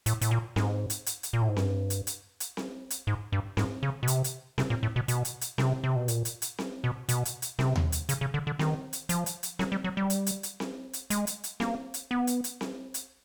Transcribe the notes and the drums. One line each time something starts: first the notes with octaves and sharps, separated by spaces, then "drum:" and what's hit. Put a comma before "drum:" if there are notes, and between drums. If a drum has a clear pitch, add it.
A2, drum: hi-hat
A2, drum: hi-hat
A#2
G#2, drum: snare C4
drum: hi-hat
drum: hi-hat
drum: hi-hat
A#2
A2
G#2
G2, drum: snare C4
drum: hi-hat
drum: hi-hat
drum: hi-hat
drum: snare C4
drum: hi-hat
G#2
G2
G#2, drum: snare C4
C#3
B2
C3, drum: hi-hat
drum: hi-hat
C3, drum: snare C4
A#2
A2
B2
B2, drum: hi-hat
drum: hi-hat
drum: hi-hat
C3, drum: snare C4
C3
B2
A#2, drum: hi-hat
drum: hi-hat
drum: hi-hat
drum: snare C4
B2
B2, drum: hi-hat
drum: hi-hat
drum: hi-hat
C3, drum: snare C4
drum: tom D#2
drum: hi-hat
C#3, drum: hi-hat
C#3
D3
D3
D#3, drum: snare C4
drum: hi-hat
F3, drum: hi-hat
drum: hi-hat
drum: hi-hat
F#3, drum: snare C4
G3
F#3
G3
drum: hi-hat
drum: hi-hat
drum: hi-hat
drum: snare C4
drum: hi-hat
G#3, drum: hi-hat
drum: hi-hat
drum: hi-hat
A#3, drum: snare C4
drum: hi-hat
B3
drum: hi-hat
drum: hi-hat
drum: snare C4
drum: hi-hat